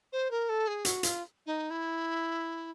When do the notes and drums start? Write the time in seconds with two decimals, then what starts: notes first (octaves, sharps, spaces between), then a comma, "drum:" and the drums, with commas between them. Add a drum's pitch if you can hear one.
0.12 C5
0.31 A#4
0.49 A4
0.67 G#4
0.85 F#4, drum: hi-hat
1.03 F4, drum: hi-hat
1.46 D#4
1.70 E4